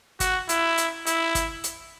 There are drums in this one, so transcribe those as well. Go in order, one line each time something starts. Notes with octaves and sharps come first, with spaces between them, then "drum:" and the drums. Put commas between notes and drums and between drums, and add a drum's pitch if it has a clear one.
F#4, drum: kick, hi-hat
E4, drum: hi-hat
drum: hi-hat
E4, drum: hi-hat
drum: kick, hi-hat
drum: hi-hat